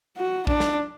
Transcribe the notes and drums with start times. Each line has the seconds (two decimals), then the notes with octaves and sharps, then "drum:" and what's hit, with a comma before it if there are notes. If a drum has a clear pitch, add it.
0.17 F#4
0.47 D4, drum: kick A#1
0.60 drum: snare